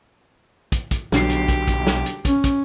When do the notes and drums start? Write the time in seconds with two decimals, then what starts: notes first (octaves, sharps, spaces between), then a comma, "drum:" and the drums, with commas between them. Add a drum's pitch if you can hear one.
0.72 drum: kick, hi-hat
0.91 drum: kick, hi-hat
1.12 B1 D3 F#3 G4 C7, drum: snare
1.29 drum: hi-hat
1.48 drum: kick, hi-hat
1.68 drum: kick, hi-hat
1.87 drum: snare
2.06 drum: hi-hat
2.25 C#4, drum: kick, hi-hat
2.44 drum: kick, hi-hat